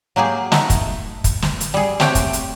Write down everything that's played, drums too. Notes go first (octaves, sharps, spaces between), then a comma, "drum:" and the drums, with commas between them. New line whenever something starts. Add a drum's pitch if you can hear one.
F#3 A#3 G4 G#4
A3 D#4 E5 F#5, drum: snare
drum: kick, hi-hat
drum: kick, hi-hat
drum: snare
drum: hi-hat
G3 G#4
A3 C4 G4 C#5 F#5 G5, drum: snare
drum: kick, hi-hat
drum: hi-hat